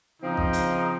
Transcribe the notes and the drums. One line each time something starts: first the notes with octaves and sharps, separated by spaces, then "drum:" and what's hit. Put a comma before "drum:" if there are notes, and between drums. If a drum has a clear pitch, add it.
C#3 F3 C4 D#4
drum: kick
drum: hi-hat